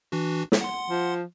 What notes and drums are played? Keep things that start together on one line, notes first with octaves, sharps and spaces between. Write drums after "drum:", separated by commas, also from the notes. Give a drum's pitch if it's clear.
E3 D4 F#4
drum: snare
F#5 C6
F3